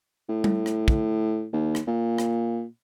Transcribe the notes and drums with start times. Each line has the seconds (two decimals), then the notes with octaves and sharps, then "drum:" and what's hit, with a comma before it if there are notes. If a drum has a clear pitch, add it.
0.29 A2
0.44 drum: tom G3
0.66 drum: rim click
0.88 drum: kick
1.53 D#2
1.75 drum: rim click
1.87 A#2
2.18 drum: rim click